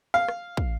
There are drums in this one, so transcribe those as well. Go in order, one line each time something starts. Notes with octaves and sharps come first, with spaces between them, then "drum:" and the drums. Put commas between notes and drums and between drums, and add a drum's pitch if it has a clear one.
F5
drum: rim click
drum: kick